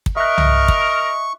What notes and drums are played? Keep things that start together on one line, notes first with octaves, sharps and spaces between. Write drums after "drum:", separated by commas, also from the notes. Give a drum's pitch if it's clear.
drum: kick
A#4 D#5 E5 C#6 F#6
drum: tom
drum: kick